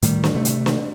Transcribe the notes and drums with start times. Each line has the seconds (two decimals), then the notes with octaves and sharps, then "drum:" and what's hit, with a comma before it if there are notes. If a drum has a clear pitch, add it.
0.02 A2 D#3 G3, drum: hi-hat
0.24 drum: snare
0.34 C3 A3
0.45 drum: hi-hat
0.66 drum: snare